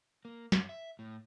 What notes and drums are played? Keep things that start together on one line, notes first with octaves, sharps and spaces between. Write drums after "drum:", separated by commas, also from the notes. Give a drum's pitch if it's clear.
A#3
F#2, drum: snare
E5
A2